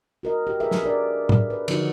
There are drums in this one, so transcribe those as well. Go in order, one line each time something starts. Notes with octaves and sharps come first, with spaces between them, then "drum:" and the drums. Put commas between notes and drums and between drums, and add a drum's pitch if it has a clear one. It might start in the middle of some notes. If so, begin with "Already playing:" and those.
F#4 A#4 D#5
G4
G#4 A#4 B4 E5
drum: snare
D4 A#4 D5
drum: tom
B4
D3 D#3 F3 D#4 F#4, drum: cymbal